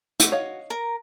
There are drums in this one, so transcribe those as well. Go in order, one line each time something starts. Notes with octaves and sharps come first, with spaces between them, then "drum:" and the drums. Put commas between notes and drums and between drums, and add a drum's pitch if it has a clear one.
A3 F#4, drum: hi-hat
C#5 D#5 F5
A#4 A#5